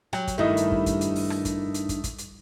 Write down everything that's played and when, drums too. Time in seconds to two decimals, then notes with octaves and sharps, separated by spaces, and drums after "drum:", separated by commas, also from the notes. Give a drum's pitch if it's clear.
0.13 F#3 G5, drum: rim click
0.27 drum: kick, hi-hat
0.38 G2 D#3 A3 E4 D#5
0.57 drum: hi-hat
0.72 drum: kick
0.86 drum: kick, hi-hat
1.01 drum: hi-hat
1.16 drum: open hi-hat
1.30 drum: rim click
1.45 drum: kick, hi-hat
1.74 drum: hi-hat
1.89 drum: kick, hi-hat
2.04 drum: kick, hi-hat
2.18 drum: hi-hat